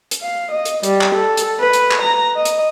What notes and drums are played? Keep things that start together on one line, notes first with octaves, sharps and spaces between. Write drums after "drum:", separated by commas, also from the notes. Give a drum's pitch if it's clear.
drum: hi-hat
F5
D#5
drum: hi-hat
G3, drum: hi-hat
drum: clap
A4
drum: hi-hat
B4
drum: hi-hat
drum: clap
A#5
D#5
drum: hi-hat